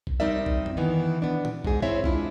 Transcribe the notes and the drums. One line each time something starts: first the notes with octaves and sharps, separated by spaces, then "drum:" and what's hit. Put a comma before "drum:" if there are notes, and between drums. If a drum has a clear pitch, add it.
drum: kick
G3 C4 D#4 A#4 D5 E5
drum: kick
drum: tom F#2
D#3 E3 B3
B3 D4
drum: tom A#2
G#2 G#4, drum: kick
C4 E4 C#5 E5
G#3 D4 E4 F4, drum: kick